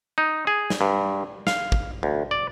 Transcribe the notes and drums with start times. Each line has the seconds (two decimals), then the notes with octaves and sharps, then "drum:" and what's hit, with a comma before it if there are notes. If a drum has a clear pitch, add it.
0.18 D#4
0.47 G#4
0.70 drum: snare
0.81 G2
1.47 F5, drum: snare
1.72 drum: kick
2.03 D2
2.31 D5